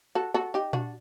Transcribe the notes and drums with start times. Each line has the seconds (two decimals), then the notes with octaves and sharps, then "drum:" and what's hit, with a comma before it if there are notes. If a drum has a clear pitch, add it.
0.15 F#4 A4
0.34 F#4 A4
0.54 D#4 G4
0.73 D4 F#4, drum: tom A#2